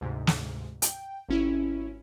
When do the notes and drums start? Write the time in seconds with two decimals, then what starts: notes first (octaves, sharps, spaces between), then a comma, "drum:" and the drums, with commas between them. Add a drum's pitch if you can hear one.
0.01 D2 G#2 C3
0.27 drum: snare
0.82 G5, drum: hi-hat
1.29 G#1 C#4 E4